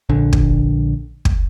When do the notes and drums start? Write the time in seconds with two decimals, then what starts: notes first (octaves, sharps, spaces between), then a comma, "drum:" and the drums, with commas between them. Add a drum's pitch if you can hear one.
0.09 A#1 D3
0.33 drum: kick
1.25 drum: kick